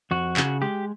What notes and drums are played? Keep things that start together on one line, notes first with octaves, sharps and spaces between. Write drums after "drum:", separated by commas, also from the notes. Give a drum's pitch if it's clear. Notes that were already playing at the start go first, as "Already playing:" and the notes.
F2 F#4
C#3, drum: clap
G#3 G4